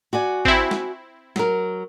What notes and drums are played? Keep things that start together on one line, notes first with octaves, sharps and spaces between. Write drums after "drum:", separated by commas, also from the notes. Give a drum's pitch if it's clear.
F#4 D5 G#5
C4 E4, drum: kick G#1
drum: snare
F#3 A#4, drum: snare